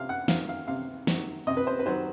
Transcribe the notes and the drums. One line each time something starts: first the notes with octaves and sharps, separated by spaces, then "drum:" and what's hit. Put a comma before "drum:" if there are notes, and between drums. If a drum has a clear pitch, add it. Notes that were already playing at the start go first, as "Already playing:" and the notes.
Already playing: C3 F5
F#5
D#3 F#3 F5, drum: snare
F5
C3 F5
D#3 F#3, drum: snare
C3 D#5
B4
C5
B4
D#3 F#3 C5